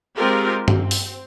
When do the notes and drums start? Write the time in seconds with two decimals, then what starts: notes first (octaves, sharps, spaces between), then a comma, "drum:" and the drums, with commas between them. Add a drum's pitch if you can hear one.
0.16 G#3 C4 F4 G4 A#4
0.68 C4, drum: tom G2
0.91 drum: open hi-hat